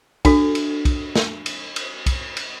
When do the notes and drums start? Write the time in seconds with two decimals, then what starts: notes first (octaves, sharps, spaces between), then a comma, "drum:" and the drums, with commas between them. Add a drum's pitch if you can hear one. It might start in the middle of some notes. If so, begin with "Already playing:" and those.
0.25 D4 F#4 A4, drum: kick, cymbal
0.55 drum: cymbal
0.85 drum: kick, cymbal
1.16 drum: snare
1.46 drum: cymbal
1.76 drum: cymbal
2.06 drum: kick, cymbal
2.37 drum: cymbal